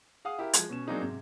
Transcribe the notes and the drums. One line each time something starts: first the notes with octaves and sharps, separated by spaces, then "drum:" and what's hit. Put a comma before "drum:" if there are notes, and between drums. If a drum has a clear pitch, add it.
G#4 F5 F#5 D#6
E4 G4 A#4 F5
F3 G#3 G#6, drum: hi-hat
B2 C#4 E7
F#3 A#3 C4 D4 D#4 G#4
G#2 C3